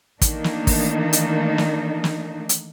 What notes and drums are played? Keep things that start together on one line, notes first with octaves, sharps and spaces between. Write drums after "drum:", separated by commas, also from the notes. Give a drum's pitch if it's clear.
D#3 E3 A3 A#3 D4 D#4, drum: kick, hi-hat
drum: snare
drum: kick, open hi-hat
drum: hi-hat
drum: snare
drum: snare
drum: hi-hat